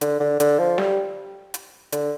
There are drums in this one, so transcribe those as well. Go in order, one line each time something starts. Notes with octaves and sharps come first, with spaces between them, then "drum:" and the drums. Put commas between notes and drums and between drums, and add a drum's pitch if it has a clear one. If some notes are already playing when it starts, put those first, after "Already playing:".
D3, drum: hi-hat
D3
D3, drum: hi-hat
F3
G3, drum: snare
drum: hi-hat
D3, drum: hi-hat